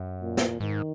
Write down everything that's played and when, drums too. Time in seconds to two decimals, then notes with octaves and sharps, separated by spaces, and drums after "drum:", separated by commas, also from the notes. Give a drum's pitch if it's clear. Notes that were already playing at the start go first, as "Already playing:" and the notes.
Already playing: F#2
0.23 A#2
0.37 drum: snare
0.60 G#2 D#3